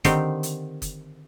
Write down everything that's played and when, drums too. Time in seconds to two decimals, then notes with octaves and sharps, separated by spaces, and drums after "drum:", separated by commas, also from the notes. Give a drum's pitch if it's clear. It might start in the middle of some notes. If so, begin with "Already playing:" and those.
0.04 D3 D#3 C4 G4, drum: kick F#1, hi-hat
0.43 drum: hi-hat
0.82 drum: kick F#1, hi-hat